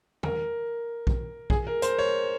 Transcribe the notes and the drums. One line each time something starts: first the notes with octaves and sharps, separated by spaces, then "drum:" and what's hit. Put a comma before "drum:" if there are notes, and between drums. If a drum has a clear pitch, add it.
A#4, drum: tom
drum: kick
G#4, drum: kick
A#4
C5, drum: hi-hat
C#5